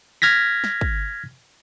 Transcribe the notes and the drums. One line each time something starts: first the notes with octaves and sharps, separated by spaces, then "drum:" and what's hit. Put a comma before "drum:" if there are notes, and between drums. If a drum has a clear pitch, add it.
F6 G#6 A#6 B6
drum: snare
drum: kick